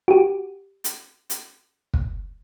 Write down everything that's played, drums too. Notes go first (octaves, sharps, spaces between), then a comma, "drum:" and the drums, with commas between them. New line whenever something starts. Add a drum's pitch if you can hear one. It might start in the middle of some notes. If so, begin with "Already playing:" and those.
F#4 G4
drum: hi-hat
drum: hi-hat
drum: kick